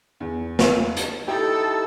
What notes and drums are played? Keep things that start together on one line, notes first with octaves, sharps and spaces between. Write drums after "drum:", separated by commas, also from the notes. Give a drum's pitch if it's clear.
E2
drum: snare
drum: hi-hat
D#4 E4 G4 A4 G5 E6